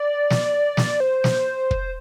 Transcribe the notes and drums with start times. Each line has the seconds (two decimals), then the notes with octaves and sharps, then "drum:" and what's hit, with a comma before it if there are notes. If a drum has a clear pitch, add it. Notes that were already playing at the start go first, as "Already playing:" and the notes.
Already playing: D5
0.30 drum: snare
0.77 drum: snare
1.00 C5
1.24 drum: snare
1.71 drum: kick